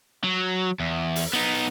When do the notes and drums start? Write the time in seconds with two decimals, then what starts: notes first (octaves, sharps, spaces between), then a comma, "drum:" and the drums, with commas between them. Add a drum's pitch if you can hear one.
0.24 F#3
0.80 E2
1.16 drum: open hi-hat
1.33 B3 D#4